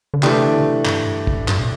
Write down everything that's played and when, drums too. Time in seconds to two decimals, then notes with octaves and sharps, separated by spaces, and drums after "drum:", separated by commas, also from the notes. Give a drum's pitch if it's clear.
0.14 D3
0.23 C3 E3 A3 D4 G4, drum: clap
0.44 D3
0.59 B2
0.64 C3
0.85 G2, drum: clap
1.01 A2
1.07 G2
1.27 F#2, drum: kick
1.39 A2
1.48 G2, drum: clap
1.60 B2